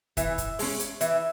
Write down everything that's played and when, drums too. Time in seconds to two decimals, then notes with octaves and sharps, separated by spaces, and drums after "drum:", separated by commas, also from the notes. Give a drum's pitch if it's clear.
0.17 E3 E5, drum: kick, hi-hat
0.38 drum: kick, hi-hat
0.59 G#3 C#4, drum: open hi-hat
0.79 drum: hi-hat
1.01 E3 E5, drum: hi-hat